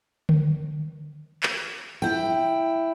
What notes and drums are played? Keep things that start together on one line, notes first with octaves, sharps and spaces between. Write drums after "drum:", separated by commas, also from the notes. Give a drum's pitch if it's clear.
drum: tom D3
drum: clap
E4 G5